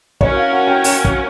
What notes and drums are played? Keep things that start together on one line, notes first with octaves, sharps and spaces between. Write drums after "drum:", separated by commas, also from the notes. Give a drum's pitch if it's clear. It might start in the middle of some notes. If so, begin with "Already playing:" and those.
C#4 F#4 A#4 C#5, drum: kick
F5
F#5
G5
G5, drum: open hi-hat
drum: kick